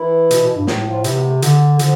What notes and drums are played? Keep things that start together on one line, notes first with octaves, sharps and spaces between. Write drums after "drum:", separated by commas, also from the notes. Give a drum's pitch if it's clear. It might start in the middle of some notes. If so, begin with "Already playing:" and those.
Already playing: E3 E4
B2, drum: hi-hat
B2
G2
A2, drum: snare
F3 F4
C3 E3 E4, drum: hi-hat
B2 B3
A2 A3
D3, drum: hi-hat
D3 F3, drum: hi-hat